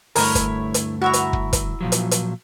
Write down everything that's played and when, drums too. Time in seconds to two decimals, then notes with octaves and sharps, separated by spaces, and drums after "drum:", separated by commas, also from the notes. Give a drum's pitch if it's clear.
0.16 D2 G2 A3 E4 A#4 C#5, drum: open hi-hat
0.35 drum: kick, hi-hat
0.74 drum: hi-hat
1.02 E4 F#4 E5 A#5
1.13 drum: hi-hat
1.33 drum: kick
1.53 drum: kick, hi-hat
1.81 A#2 F3 F#3
1.92 drum: hi-hat
2.11 drum: hi-hat